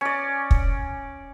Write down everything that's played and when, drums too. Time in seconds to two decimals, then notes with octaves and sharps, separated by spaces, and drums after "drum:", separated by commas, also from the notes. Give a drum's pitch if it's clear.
0.01 C#4 D5
0.51 drum: kick